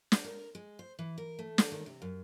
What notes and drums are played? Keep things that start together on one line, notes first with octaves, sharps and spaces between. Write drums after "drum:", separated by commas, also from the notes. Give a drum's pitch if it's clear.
drum: snare
A#4
G#3
C5
E3
A#4
A3
drum: snare
D#3
C3
F#2